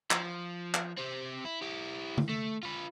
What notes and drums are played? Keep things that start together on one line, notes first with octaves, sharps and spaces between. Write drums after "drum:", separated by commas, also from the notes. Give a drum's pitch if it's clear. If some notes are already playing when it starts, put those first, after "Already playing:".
F3, drum: clap
drum: clap
C4 G4
E4
E4 G4
drum: tom C#3
A3
F4 B4